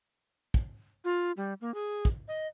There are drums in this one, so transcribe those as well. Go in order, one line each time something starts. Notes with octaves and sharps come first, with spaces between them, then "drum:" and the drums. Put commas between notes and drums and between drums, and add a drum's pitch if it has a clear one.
drum: kick
F4
G3
A#3
G#4
drum: kick
D#5